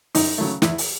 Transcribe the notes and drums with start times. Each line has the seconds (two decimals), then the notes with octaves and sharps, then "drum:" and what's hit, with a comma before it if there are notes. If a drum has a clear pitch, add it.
0.15 F#2 D#4, drum: open hi-hat
0.38 C#3 F#3 A3
0.62 E2 E4, drum: snare
0.78 drum: open hi-hat